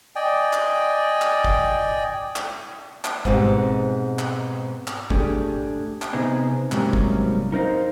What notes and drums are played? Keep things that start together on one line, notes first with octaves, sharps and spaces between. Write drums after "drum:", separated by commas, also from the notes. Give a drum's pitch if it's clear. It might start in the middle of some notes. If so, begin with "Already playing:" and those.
D5 D#5 G5 G#5
drum: clap
drum: clap
drum: kick
drum: clap
drum: clap
G#2 B2 C4 G4, drum: kick
drum: clap
drum: clap
A3 D4 G4 G#4, drum: kick
drum: clap
C3 B3 D#4 G#4
G#2 C3 F#3 G3 A#3 C#4, drum: clap
drum: kick
D#4 A#4 C5 D#5 F5